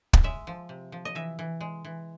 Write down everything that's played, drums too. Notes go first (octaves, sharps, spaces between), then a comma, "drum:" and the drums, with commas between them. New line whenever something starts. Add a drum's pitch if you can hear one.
drum: kick
G#3 E5
F3
C3
F3
D#5
E3 E5
E3
G#3
E3